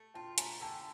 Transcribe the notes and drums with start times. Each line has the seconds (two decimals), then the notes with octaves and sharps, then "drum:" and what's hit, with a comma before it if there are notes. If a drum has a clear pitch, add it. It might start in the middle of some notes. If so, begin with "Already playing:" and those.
Already playing: A3
0.14 F4 G5 A5
0.38 A3 G#5 A#5, drum: hi-hat
0.61 D3 G5 A5